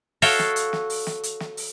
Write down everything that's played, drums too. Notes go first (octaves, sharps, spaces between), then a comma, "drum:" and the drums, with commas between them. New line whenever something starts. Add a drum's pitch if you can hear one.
F#4 A4 C#5 E5 F5 G5, drum: open hi-hat
drum: snare
drum: hi-hat
drum: snare
drum: open hi-hat
drum: snare
drum: hi-hat
drum: snare
drum: open hi-hat